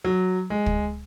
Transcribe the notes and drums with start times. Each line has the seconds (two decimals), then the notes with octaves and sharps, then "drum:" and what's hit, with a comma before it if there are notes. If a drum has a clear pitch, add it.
0.04 F#3
0.50 G#3
0.66 drum: kick